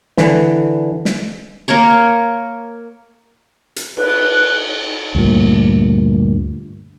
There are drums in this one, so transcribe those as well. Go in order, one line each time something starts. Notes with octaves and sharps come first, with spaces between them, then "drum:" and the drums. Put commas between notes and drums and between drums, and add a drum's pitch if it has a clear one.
D3 E3, drum: snare
drum: snare
A#3 A#4 C#5 C#6
drum: hi-hat
B4, drum: cymbal
D2 G2 A#2